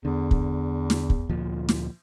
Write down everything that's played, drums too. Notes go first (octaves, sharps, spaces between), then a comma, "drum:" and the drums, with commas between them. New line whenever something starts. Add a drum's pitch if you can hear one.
E2 D3
drum: kick
drum: snare
drum: kick
D2 A#2 F3
drum: snare